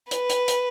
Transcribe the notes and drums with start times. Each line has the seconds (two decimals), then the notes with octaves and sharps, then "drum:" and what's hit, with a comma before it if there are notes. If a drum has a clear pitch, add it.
0.11 B4, drum: hi-hat
0.30 drum: hi-hat
0.48 drum: hi-hat